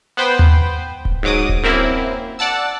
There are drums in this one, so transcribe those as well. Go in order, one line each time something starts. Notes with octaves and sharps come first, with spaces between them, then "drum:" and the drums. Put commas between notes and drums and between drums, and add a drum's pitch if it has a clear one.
B3 B4 C5 G5
drum: tom D#2
drum: kick D1
G#2 F#3 D6 D#6
drum: kick D1
F#2 A#3 C4 E4
D5 F#5 A5 E6